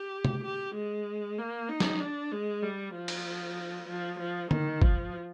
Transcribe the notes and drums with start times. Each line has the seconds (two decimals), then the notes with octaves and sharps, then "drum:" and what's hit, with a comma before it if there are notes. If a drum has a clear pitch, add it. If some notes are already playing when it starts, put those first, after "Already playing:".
Already playing: G4
0.25 drum: tom C3
0.44 G4
0.75 G#3
1.38 A#3
1.69 D#4
1.80 drum: snare
2.00 D4
2.32 G#3
2.63 G3
2.95 F3
3.08 drum: cymbal
3.89 F3
4.19 F3
4.51 D#3, drum: tom D3
4.82 F3, drum: kick